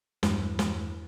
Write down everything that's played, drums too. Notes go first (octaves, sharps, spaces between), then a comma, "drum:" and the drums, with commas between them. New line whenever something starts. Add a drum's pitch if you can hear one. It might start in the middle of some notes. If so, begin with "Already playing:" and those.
E2 G2 E3, drum: snare
drum: snare